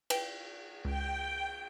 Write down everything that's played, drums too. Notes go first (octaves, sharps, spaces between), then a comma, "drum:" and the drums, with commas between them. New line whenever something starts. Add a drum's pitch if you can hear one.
B4 G5, drum: cymbal
C#2 G5